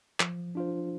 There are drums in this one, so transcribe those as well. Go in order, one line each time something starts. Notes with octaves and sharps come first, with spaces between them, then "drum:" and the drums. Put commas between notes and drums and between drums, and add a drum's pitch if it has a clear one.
F3, drum: clap
D4 F4 C5